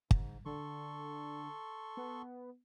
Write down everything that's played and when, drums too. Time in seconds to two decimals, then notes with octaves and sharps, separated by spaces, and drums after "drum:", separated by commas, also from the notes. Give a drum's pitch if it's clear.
0.11 G#2, drum: kick
0.45 D3 A4 C6 C#6
1.97 B3